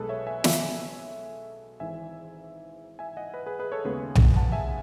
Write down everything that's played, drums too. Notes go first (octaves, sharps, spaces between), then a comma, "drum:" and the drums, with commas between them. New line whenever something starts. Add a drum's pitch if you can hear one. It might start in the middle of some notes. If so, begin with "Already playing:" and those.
Already playing: B1 B2 G#3 G#4 A4 B4
C#5 E5
E5 G#5
E5 G#5, drum: snare
G#1 G#2 E3 E5 G#5
E5 G#5
D#5 F#5
B4 D#5
G#4 B4
G#4 B4
A4 C#5
D#2 C#3 G#3 B3 G#4 B4
drum: tom B1
F#5 A5
E5 G#5